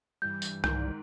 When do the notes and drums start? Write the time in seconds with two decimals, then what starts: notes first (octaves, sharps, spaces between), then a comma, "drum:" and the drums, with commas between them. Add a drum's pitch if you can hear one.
0.22 G2 E3 G3 G6
0.42 drum: tambourine
0.64 C2 G#2 D#3 G6, drum: rim click